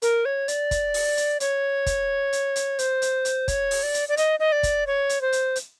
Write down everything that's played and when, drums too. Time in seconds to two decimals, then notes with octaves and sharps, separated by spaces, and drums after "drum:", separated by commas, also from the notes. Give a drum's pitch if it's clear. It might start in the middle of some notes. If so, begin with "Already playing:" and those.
0.02 A#4, drum: hi-hat
0.25 C#5
0.48 D5, drum: hi-hat
0.71 drum: kick, hi-hat
0.94 drum: open hi-hat
1.17 drum: hi-hat
1.40 C#5, drum: hi-hat
1.86 drum: kick, hi-hat
2.33 drum: hi-hat
2.56 drum: hi-hat
2.79 C5, drum: hi-hat
3.02 drum: hi-hat
3.25 drum: hi-hat
3.48 C#5, drum: kick, hi-hat
3.71 drum: open hi-hat
3.83 D5
3.94 drum: hi-hat
4.09 D5
4.17 D#5, drum: hi-hat
4.39 D#5
4.52 D5
4.63 drum: kick, hi-hat
4.87 C#5
5.09 drum: hi-hat
5.21 C5
5.32 drum: hi-hat
5.56 drum: hi-hat